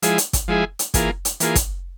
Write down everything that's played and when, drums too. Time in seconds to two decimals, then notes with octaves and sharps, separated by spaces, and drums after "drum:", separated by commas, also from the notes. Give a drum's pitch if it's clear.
0.02 F3 G#3 E4 G#4, drum: hi-hat
0.18 drum: hi-hat
0.33 drum: kick, hi-hat
0.48 F3 G#3 E4 G#4
0.79 drum: hi-hat
0.94 E3 A#3 F4 G#4, drum: kick, hi-hat
1.25 drum: hi-hat
1.40 E3 A#3 F4 G#4, drum: hi-hat
1.55 drum: kick, hi-hat